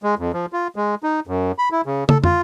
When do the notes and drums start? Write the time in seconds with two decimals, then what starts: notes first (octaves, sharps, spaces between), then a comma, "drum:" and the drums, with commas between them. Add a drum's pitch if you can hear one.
0.03 G#3
0.19 F2
0.33 F3
0.53 F4
0.76 G#3
1.03 D#4
1.27 F#2
1.58 B5
1.72 E4
1.86 C#3
2.09 A4, drum: tom
2.24 F4, drum: tom